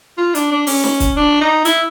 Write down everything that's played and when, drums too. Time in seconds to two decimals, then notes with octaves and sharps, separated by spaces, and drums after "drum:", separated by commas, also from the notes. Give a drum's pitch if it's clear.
0.18 F4
0.35 D4, drum: hi-hat
0.51 D4
0.67 C#4, drum: open hi-hat
0.84 drum: snare
1.00 drum: kick, hi-hat
1.16 D4
1.41 D#4
1.65 E4, drum: hi-hat